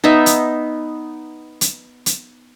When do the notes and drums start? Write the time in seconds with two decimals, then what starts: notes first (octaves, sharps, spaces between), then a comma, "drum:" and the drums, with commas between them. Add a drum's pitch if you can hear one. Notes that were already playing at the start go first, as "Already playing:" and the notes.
0.04 B3 D#4 D#5 E5
0.26 drum: hi-hat
1.61 drum: hi-hat
2.06 drum: hi-hat